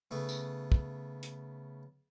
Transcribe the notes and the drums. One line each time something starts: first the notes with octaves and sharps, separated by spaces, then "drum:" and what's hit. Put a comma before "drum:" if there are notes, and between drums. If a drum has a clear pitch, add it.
C#3 A3 B3
drum: tambourine
drum: kick
drum: hi-hat